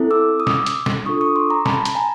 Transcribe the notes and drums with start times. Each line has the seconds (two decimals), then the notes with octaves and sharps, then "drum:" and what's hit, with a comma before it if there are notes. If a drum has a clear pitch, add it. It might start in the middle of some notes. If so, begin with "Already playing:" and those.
Already playing: C4 E4 A4
0.11 D6 E6
0.40 D#6
0.47 D6 E6, drum: snare
0.66 drum: hi-hat
0.86 drum: snare
1.06 D4 F4 A4 C#6 D#6
1.21 C#6 D#6
1.36 C6 D6
1.50 A#5 C6
1.66 A5 B5, drum: snare
1.85 A5, drum: hi-hat
1.95 G#5 A#5